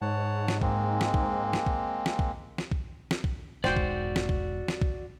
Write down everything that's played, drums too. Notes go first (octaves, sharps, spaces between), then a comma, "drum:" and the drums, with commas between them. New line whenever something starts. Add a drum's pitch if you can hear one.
G#2 C#5 F#5 A5
drum: snare
G#3 A#3 C4, drum: kick
drum: snare
drum: kick
drum: snare
drum: kick
drum: snare
drum: kick
drum: snare
drum: kick
drum: snare
drum: kick
E1 G#2 F#4 C5 D5 G5, drum: snare
drum: kick
drum: snare
drum: kick
drum: snare
drum: kick